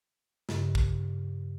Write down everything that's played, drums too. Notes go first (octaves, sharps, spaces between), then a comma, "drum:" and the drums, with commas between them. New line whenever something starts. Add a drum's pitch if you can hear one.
G2 C#3, drum: snare
drum: kick